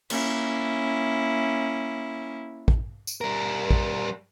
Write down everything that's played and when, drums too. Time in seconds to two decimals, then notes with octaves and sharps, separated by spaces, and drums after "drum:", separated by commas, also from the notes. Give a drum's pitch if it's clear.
0.10 A#3 C#4 E4, drum: cymbal
2.68 drum: kick
3.07 drum: tambourine
3.21 G3 A#4
3.71 drum: kick